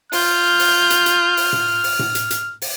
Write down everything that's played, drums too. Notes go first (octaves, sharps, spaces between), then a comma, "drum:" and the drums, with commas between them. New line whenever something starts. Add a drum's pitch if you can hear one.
F4 F6 G6, drum: open hi-hat
drum: open hi-hat
drum: hi-hat
drum: hi-hat
drum: open hi-hat
drum: tom A2
drum: open hi-hat
drum: tom A2
drum: hi-hat
drum: hi-hat
drum: open hi-hat